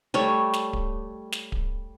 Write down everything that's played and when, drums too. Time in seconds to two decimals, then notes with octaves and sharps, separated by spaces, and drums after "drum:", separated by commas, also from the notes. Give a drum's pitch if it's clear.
0.14 G3 A3 C#5
0.53 drum: snare
0.73 drum: kick D1
1.32 drum: snare
1.52 drum: kick D1